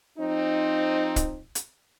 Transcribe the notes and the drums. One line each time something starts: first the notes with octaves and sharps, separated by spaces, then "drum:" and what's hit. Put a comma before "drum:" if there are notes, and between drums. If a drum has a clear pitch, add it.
F3 C4 D#4
drum: kick, hi-hat
drum: hi-hat